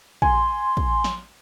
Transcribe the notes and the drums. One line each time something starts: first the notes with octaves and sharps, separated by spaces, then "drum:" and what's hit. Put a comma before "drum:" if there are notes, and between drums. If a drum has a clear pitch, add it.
G#5 C6, drum: kick
drum: kick
drum: snare